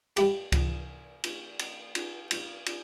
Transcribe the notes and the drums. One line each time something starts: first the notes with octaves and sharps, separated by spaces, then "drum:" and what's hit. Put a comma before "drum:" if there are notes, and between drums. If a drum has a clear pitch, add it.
G3 E4 G4, drum: cymbal
drum: kick C#2, cymbal
drum: cymbal
drum: cymbal
drum: cymbal
drum: cymbal
drum: cymbal